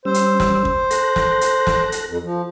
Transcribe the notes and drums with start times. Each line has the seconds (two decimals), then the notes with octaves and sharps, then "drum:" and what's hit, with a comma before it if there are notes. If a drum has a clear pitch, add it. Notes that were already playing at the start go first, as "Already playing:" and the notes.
0.05 G3 C#4 C5 E6
0.14 drum: hi-hat
0.40 drum: snare
0.65 drum: kick
0.90 A4 F#6 A#6, drum: hi-hat
1.16 drum: snare
1.41 drum: hi-hat
1.67 drum: snare
1.92 drum: hi-hat
2.08 F2
2.23 F3